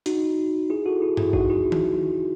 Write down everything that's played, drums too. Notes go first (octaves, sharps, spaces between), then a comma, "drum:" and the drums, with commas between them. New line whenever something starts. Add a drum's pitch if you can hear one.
D#4 F#4, drum: hi-hat
E4 G#4
F#4 A4
E4 G#4
E4 G#4, drum: tom G2
D#4 F#4, drum: kick
E4 G#4
drum: tom D#3